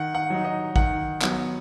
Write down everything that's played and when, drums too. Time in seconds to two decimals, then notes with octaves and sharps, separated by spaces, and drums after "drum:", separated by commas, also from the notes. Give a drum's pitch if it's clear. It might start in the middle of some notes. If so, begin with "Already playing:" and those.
Already playing: D#3 F#5
0.15 F#5
0.30 F#3 D#4
0.45 D#5
0.76 D#3 F#5, drum: kick A1
1.22 F#3 B3, drum: clap